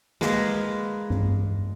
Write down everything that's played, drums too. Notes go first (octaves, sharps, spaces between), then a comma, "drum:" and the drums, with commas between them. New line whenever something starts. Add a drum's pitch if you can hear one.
G#3 A#3 B4, drum: snare
drum: tom G2